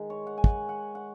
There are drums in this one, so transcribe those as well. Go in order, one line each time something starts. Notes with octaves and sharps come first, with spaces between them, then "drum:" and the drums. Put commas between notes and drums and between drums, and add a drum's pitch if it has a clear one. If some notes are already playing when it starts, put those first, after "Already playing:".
Already playing: D#3 G#3 D#4
C#5
F#5
G#5
F#5, drum: kick
F#5
F#5